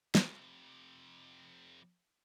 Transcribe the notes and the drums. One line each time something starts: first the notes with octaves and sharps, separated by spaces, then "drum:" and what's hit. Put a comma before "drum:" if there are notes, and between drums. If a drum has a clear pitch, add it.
F2 C3, drum: snare